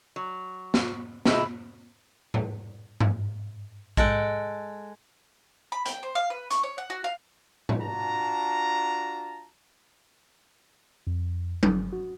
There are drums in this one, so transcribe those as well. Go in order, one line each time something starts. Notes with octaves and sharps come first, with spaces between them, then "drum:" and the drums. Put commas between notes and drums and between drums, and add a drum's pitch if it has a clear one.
F#3
drum: snare
A2 C3 E3 G#3 D#4 E4, drum: snare
drum: tom A2
drum: tom G2
G#3 A4 F#5 G5, drum: kick A#1
B5
G5, drum: hi-hat
C5
F5
B4
C#6, drum: hi-hat
C#5
F#5
F#4
F5
drum: tom A2
D4 F4 F#4 A5 A#5
F2
G1, drum: tom F#3
F#4